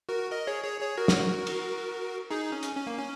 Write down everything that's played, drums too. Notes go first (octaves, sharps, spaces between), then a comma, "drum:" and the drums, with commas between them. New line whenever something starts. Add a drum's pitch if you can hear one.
F#4 A#4
A#4 D#5
G#4 C#5
G#4 C#5
G#4 C#5
F#4 A#4
drum: snare
drum: cymbal
D#4 G#4
C#4
drum: hi-hat
C#4
A#3
C#4